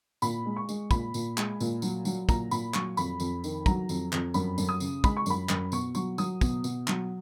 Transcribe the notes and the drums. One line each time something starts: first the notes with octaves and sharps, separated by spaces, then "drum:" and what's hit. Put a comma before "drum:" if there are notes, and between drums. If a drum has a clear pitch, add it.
A#2 B5, drum: tambourine
G#3
C#6
G#3, drum: tambourine
A#2 B5, drum: kick, tambourine
A#2, drum: tambourine
G#3, drum: clap
A#2, drum: tambourine
F#3, drum: tambourine
F#3, drum: tambourine
A#2 A#5, drum: kick, tambourine
A#2 B5, drum: tambourine
F#3 C#6, drum: clap
F2 B5, drum: tambourine
F2, drum: tambourine
D#3, drum: tambourine
F#3 A#5, drum: kick, tambourine
F2, drum: tambourine
F2, drum: clap
F#2 B5, drum: tambourine
F#2, drum: tambourine
D#6
C#3, drum: tambourine
G#3 B5, drum: kick, tambourine
C#6
F#2 B5, drum: tambourine
F#2, drum: clap
B2 C#6, drum: tambourine
F#3 C#6, drum: tambourine
F#3 D#6, drum: tambourine
B2, drum: kick, tambourine
B2, drum: tambourine
F#3, drum: clap